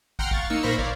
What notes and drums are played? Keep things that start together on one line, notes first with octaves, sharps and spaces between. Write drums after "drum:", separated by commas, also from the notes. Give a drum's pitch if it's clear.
F#5 G5 A#5 C6 F6, drum: kick
F5 C#6 A6, drum: kick
A#3 D#4 E6 C#7
A#2 A#4 C5 B5 C#6 A#6
C#5 D5 F5, drum: kick